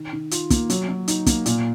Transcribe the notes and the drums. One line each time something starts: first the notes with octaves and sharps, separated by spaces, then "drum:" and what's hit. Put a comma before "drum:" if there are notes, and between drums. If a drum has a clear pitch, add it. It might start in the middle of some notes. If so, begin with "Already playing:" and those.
Already playing: D#3
D#3
F4, drum: hi-hat
A#3, drum: kick, hi-hat
F#3, drum: hi-hat
F#3
D#4, drum: hi-hat
A#3, drum: kick, hi-hat
A#2, drum: hi-hat